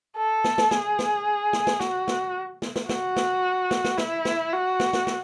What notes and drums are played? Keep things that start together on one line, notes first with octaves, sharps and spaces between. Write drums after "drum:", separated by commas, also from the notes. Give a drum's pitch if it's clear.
A4
drum: snare
drum: snare
G#4, drum: snare
drum: snare
drum: snare
drum: snare
F#4, drum: snare
drum: snare
drum: snare
drum: snare
F#4, drum: snare
drum: snare
drum: snare
drum: snare
E4, drum: snare
drum: snare
F#4
drum: snare
drum: snare
drum: snare